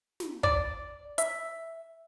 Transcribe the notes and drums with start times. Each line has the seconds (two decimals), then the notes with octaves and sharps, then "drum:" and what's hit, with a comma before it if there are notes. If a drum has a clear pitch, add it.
0.20 drum: snare
0.43 D5, drum: kick
1.18 E5, drum: hi-hat